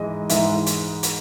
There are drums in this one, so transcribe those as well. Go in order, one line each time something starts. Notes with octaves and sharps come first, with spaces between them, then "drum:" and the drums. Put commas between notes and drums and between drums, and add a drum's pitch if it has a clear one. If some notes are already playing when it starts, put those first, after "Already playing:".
Already playing: G#2 E3 G#3 D#5
G#2 E3 G#3 E5, drum: hi-hat
drum: hi-hat
drum: hi-hat